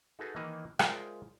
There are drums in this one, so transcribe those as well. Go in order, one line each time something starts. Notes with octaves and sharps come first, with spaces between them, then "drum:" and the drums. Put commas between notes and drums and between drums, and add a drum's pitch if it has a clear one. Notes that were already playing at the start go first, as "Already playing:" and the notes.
D#4 F#4 G#4 A4 B4 D#5
D#3 E3 A#3 D#4 D#5
G#3 F4 A#4 C5 D5 E5, drum: rim click